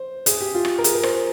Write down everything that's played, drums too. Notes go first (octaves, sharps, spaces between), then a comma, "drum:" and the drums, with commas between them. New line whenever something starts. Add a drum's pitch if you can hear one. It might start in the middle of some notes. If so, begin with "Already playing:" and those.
Already playing: C5
G#4, drum: hi-hat
G4
F4
drum: rim click
A#4
G#4, drum: hi-hat
A#4
C5, drum: rim click